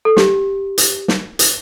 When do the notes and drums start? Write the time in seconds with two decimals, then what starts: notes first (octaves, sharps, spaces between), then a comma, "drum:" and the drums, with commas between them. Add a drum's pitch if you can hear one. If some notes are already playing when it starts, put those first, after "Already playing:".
0.05 A4
0.17 G4, drum: snare
0.78 drum: hi-hat
1.08 drum: snare
1.39 drum: hi-hat